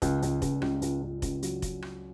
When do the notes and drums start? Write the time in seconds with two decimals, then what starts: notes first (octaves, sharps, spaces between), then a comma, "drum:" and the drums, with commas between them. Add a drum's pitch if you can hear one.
0.02 C#2, drum: kick F1, hi-hat
0.22 C#2, drum: hi-hat
0.42 C#2, drum: kick F1, hi-hat
0.62 C#2, drum: rim click
0.82 C#2, drum: hi-hat
1.02 C#2
1.22 C#2, drum: kick F1, hi-hat
1.43 F#3, drum: hi-hat
1.62 drum: kick F1, hi-hat
1.82 drum: rim click